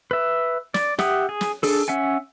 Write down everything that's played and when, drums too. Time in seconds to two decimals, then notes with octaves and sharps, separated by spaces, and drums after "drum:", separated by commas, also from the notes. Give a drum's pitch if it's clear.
0.11 B4 E5
0.74 D5, drum: snare
0.99 G4 E5 F#5 D#6, drum: snare
1.29 G#4
1.41 drum: snare
1.63 D4 G#4 A4, drum: open hi-hat
1.88 C#4 E5 F#5 G#5